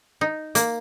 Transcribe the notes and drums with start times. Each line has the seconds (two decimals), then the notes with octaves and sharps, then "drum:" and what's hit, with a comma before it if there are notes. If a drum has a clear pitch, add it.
0.21 D#4
0.55 A#3, drum: hi-hat